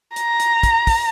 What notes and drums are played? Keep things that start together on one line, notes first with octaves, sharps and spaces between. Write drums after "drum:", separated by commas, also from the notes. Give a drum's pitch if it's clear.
A#5, drum: hi-hat
drum: hi-hat
drum: kick, hi-hat
drum: kick, open hi-hat